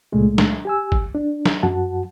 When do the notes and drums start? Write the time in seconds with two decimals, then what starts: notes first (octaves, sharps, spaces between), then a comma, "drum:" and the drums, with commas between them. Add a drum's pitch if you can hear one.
0.12 C#2 A#2 G#3 A3
0.38 drum: snare
0.65 G4 G#5 E6
0.92 drum: kick
1.15 D4
1.46 drum: snare
1.63 F#2 F#4 F#5 A5